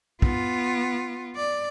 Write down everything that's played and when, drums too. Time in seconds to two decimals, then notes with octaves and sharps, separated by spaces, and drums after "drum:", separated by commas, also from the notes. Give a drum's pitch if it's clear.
0.22 B3 F4, drum: kick
1.36 D5